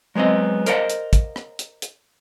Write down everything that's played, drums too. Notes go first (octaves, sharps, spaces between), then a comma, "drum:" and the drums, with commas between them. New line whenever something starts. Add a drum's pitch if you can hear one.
F#3 G#3 B3 C4 D#5
A#4 C5 D5 D#5 F5 F#5, drum: hi-hat
drum: hi-hat
drum: kick, hi-hat
drum: rim click
drum: hi-hat
drum: hi-hat